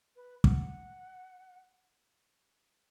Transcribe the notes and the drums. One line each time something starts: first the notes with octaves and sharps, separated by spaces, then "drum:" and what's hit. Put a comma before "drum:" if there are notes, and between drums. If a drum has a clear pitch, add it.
B4
F#5, drum: kick